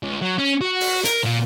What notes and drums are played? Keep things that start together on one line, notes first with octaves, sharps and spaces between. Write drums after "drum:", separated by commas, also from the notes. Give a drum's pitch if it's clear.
C#2
F#3
C#4
F#4
drum: open hi-hat
A#4, drum: hi-hat
A#2